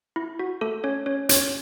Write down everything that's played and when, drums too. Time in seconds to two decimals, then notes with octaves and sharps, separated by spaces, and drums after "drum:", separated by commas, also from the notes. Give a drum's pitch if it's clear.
0.16 E4
0.39 F#4
0.61 A3 A4
0.84 C#4 C#5
1.06 C#4 C#5
1.29 C#4 C#5, drum: hi-hat